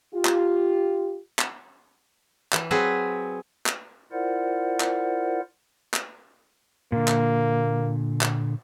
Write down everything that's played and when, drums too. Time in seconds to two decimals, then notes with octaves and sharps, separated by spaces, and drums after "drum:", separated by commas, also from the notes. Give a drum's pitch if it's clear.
0.13 F4 G4
0.25 drum: clap
1.39 drum: clap
2.53 E3, drum: clap
2.71 F#3 C4 G#4 B4
3.66 drum: clap
4.12 E4 F4 A#4 C5 D5 F#5
4.80 drum: clap
5.94 drum: clap
6.92 A#2 D3 A#3
7.07 drum: clap
8.21 drum: clap